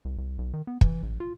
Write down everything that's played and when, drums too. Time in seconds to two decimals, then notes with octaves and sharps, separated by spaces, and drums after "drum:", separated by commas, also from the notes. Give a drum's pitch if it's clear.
0.05 C2
0.18 C2
0.38 B1
0.53 D#3
0.67 B3
0.81 E3, drum: kick
1.03 A1
1.20 F4